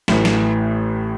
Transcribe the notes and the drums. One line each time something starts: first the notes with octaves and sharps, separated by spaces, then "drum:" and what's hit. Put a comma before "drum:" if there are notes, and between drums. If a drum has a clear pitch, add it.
A1 A2 E3, drum: snare
drum: snare